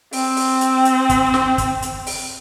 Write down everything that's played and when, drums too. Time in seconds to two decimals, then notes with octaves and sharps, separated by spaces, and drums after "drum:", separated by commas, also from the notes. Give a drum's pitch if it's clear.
0.13 C4, drum: open hi-hat
0.37 drum: open hi-hat
0.61 drum: hi-hat
0.85 drum: hi-hat
1.09 drum: kick, hi-hat
1.34 drum: snare
1.58 drum: kick, hi-hat
1.82 drum: hi-hat
2.07 drum: open hi-hat